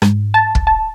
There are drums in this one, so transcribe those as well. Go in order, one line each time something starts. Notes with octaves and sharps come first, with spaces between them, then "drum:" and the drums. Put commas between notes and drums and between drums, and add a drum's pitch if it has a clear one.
G#2, drum: rim click
A5
drum: kick
A5